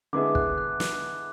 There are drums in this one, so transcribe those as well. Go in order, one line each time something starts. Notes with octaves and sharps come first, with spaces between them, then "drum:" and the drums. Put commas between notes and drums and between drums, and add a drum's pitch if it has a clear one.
D3 G#3 B3 E4 G#4 D6
F#6, drum: kick
F#6
drum: snare